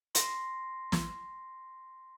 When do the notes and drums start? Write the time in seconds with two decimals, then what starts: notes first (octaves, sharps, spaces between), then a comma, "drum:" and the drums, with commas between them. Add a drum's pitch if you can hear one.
0.15 C6 A#6 C7, drum: hi-hat
0.92 drum: snare